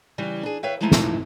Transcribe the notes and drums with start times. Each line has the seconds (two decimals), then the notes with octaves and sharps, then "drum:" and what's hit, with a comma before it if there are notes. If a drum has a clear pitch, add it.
0.18 C#3 E3 G3
0.43 D4 G#4
0.63 B4 C#5 E5 F5 G5
0.80 E3 F3 G#3 A3 D#4 E4
0.92 drum: snare